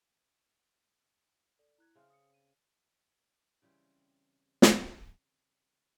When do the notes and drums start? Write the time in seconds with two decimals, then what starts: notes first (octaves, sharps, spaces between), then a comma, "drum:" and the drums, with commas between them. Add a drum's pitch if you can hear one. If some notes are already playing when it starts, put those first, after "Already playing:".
1.59 A4 D5
1.78 E4 F#6 G#6
1.95 C#3 C4 E5 C6 F6
2.10 D#6 C#7
2.34 D#7
3.62 C#3 E3 G3 C4
4.62 drum: snare